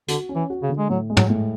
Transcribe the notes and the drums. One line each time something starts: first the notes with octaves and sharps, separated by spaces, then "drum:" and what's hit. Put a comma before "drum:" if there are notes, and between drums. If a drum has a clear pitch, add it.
D3 F#4, drum: hi-hat
C#4
E3
F#4
C#3
D3
G#3
A2 F#3
G#3
F#3, drum: tom
A2